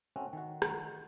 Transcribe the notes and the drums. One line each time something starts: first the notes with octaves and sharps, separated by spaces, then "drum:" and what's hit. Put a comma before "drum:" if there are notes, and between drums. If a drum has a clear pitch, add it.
A3 C4 C#4 F#4
D#3 F#4
drum: rim click